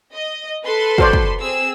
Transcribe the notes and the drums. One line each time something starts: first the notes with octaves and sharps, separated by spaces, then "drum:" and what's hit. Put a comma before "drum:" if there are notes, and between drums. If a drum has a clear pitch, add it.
D#5
A4 B4 C6
F#4 C5 D5, drum: kick
drum: kick
C4 G#4 E6